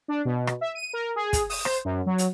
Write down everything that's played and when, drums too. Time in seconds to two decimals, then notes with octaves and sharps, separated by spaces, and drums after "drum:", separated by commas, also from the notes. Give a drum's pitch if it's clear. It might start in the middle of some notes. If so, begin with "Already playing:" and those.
0.08 D4
0.25 B2
0.47 drum: rim click
0.61 E5
0.75 D#7
0.93 A#4
1.16 G#4
1.33 drum: kick, hi-hat
1.50 D#6, drum: open hi-hat
1.65 C5, drum: rim click
1.85 F#2
2.06 F#3
2.18 drum: hi-hat